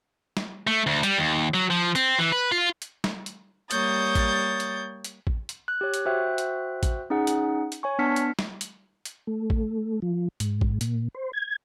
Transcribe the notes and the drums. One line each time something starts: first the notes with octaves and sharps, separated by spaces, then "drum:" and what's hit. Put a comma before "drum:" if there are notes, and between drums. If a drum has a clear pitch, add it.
drum: snare
A3
D2
G3, drum: hi-hat
D#2
F#3
F3
C4, drum: hi-hat
E3
B4
F4
drum: hi-hat
drum: snare
drum: hi-hat
G3 A#3 C#5 D#6 G6 A6, drum: hi-hat
drum: kick A1, hi-hat
drum: hi-hat
drum: hi-hat
drum: kick A1
drum: hi-hat
F#6
G4 C#5
drum: hi-hat
F#4 C5 E5 G5 F#6
drum: hi-hat
drum: kick A1, hi-hat
C#4 D#4 G#4 F#5
drum: hi-hat
drum: hi-hat
C#5 G#5 C#6
B3 D4 A5 F6 B6 C#7
drum: hi-hat
drum: snare
drum: hi-hat
drum: hi-hat
A3
drum: kick A1
F3
G#2, drum: hi-hat
drum: kick A1
A#2, drum: hi-hat
C5
G#6